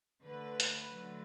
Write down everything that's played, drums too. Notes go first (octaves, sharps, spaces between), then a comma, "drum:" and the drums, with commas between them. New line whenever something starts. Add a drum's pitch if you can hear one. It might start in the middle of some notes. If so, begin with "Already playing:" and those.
D3 A3 B4
drum: hi-hat
D3 F#3 A3